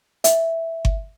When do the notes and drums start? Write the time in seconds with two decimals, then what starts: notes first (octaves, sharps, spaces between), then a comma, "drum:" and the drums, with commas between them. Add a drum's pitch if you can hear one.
0.24 E5, drum: hi-hat
0.85 drum: kick G1